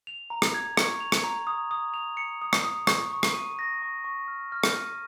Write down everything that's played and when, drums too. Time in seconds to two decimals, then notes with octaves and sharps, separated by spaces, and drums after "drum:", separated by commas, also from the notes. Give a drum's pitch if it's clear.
0.07 F7
0.30 A#5
0.42 drum: rim click
0.54 G#6
0.77 C#6, drum: rim click
1.00 F7
1.12 drum: rim click
1.24 A#5
1.47 D#6
1.71 D#6
1.94 F7
2.17 C#7
2.42 D#6
2.53 drum: rim click
2.65 D#6
2.87 C#6, drum: rim click
3.11 C#6
3.23 drum: rim click
3.34 D#7
3.59 A#6
3.82 C#6
4.04 C#6
4.28 F6
4.52 F6
4.64 drum: rim click
4.76 D#7